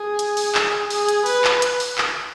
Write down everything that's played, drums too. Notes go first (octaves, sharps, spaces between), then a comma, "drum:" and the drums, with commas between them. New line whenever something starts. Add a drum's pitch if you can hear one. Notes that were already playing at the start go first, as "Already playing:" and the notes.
Already playing: G#4
drum: hi-hat
drum: open hi-hat
drum: clap
G#4, drum: open hi-hat
drum: hi-hat
B4, drum: open hi-hat
drum: clap
drum: hi-hat
drum: open hi-hat
drum: clap